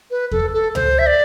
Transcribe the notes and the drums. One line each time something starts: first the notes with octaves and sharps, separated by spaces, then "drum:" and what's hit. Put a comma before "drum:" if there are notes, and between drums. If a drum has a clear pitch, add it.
B4
A4, drum: kick E2
A4
C5, drum: tom C#2
E5
D5